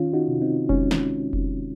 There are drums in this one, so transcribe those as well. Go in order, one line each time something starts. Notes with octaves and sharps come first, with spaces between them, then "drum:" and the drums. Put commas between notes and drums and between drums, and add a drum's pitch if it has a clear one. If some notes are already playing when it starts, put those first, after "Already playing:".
Already playing: D#3 C#4 F4
D#4 F#4
C3
C4 D#4
G#3 C#4, drum: kick F1
drum: snare
drum: kick F1